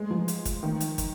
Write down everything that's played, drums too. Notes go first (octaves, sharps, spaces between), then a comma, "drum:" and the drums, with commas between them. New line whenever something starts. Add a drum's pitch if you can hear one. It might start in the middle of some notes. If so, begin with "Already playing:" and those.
Already playing: G#3
F3
drum: hi-hat
drum: kick, hi-hat
D#3
drum: hi-hat
drum: kick, hi-hat